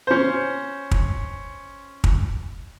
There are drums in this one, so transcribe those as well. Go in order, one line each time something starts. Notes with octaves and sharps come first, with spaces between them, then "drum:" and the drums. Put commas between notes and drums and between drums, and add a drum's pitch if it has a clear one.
C#4 C5
drum: kick
drum: kick